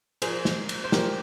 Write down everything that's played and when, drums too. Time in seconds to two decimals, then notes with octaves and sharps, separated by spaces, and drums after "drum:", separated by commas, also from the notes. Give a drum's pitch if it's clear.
0.22 A#2 F3 A#3 G#4 C5, drum: cymbal
0.45 drum: snare
0.69 drum: cymbal
0.84 C5
0.92 A#2 F3 A#3 G4 A#4, drum: snare